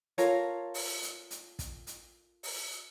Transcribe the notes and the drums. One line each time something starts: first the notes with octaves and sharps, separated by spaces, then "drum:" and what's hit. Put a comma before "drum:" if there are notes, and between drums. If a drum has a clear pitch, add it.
F4 A4 A#4 C#5, drum: hi-hat
drum: open hi-hat
drum: hi-hat
drum: hi-hat
drum: kick, hi-hat
drum: hi-hat
drum: open hi-hat